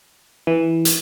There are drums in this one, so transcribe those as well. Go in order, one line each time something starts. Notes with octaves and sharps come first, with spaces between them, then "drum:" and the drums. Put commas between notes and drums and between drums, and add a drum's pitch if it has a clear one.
E3
drum: hi-hat